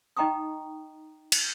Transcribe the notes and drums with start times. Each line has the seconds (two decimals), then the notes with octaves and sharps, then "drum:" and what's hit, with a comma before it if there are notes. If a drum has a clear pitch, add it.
0.17 D#4 D#5 G5 A#5 C#6 D#6
1.32 drum: cymbal